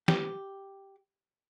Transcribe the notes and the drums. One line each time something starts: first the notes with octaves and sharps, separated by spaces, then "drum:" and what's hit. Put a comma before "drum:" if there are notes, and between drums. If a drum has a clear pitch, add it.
G4, drum: snare